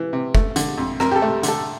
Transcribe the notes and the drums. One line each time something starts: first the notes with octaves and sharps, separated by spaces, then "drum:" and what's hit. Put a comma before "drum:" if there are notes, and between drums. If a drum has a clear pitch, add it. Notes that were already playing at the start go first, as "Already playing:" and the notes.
Already playing: E3
C3
A3, drum: kick
D3, drum: hi-hat
F2
F2 A#4, drum: rim click
G4
A4
A3
D3 A4, drum: hi-hat